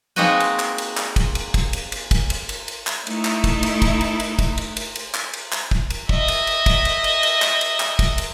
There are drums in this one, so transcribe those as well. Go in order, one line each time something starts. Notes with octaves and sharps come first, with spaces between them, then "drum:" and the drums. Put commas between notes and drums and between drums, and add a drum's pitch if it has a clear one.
G#3 A#3 C4 D#4 F#4 B4
drum: cymbal
drum: clap
drum: cymbal
drum: clap
drum: kick, cymbal
drum: cymbal
drum: kick, cymbal
drum: cymbal
drum: cymbal
drum: kick, cymbal
drum: cymbal
drum: cymbal
drum: cymbal
drum: clap
A3 D#4 E4, drum: cymbal
drum: clap
drum: kick, cymbal
drum: cymbal
drum: kick, cymbal
drum: cymbal
drum: cymbal
drum: kick, cymbal
drum: cymbal
drum: cymbal
drum: cymbal
drum: clap
drum: cymbal
drum: clap
drum: kick
drum: cymbal
D#5 E5, drum: kick
drum: cymbal
drum: cymbal
drum: kick, cymbal
drum: cymbal
drum: cymbal
drum: cymbal
drum: clap
drum: cymbal
drum: clap
drum: kick, cymbal
drum: cymbal